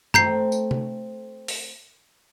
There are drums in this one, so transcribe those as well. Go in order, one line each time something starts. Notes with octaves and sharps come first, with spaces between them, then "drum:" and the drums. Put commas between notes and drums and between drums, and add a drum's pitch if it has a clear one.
A3 C4 A#5 G6 C7, drum: tom G2
drum: tambourine
drum: tom C3
drum: open hi-hat